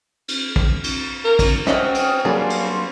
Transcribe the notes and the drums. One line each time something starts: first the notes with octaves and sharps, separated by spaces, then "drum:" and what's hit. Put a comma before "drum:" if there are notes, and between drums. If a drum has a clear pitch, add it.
drum: cymbal
drum: kick
drum: cymbal
A#4
drum: kick, cymbal
C4 C#4 F#4 D#5 E5 G5 D#6 F6, drum: snare
drum: cymbal
F#3 G3 A#3 D4 G#4 F5 B5 C6
drum: cymbal